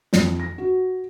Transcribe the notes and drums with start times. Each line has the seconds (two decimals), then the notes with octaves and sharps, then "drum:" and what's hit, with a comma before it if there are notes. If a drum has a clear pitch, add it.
0.13 F2, drum: snare
0.40 A#6
0.58 F#4